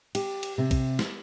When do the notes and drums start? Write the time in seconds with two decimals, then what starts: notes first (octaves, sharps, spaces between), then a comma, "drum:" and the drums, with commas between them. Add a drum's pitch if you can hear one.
0.15 G4, drum: cymbal
0.43 drum: cymbal
0.58 C3
0.71 drum: kick, cymbal
0.99 drum: snare